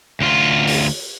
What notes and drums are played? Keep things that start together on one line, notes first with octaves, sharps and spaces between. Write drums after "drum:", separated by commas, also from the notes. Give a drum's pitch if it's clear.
D2 F4
drum: open hi-hat